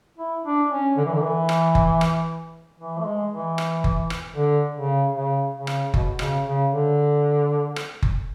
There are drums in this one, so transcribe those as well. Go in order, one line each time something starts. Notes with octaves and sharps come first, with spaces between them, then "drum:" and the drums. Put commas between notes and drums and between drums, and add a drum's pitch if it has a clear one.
E4
D4
C#4
D3
E3
D3
E3
drum: rim click
drum: kick F#1
drum: rim click
E3
A3
G#3
E3
drum: rim click
drum: kick F#1
drum: rim click
D3
C#3
C#3
C#3
drum: rim click
B2, drum: kick F#1
C#3, drum: rim click
C#3
D3
drum: rim click
drum: kick F#1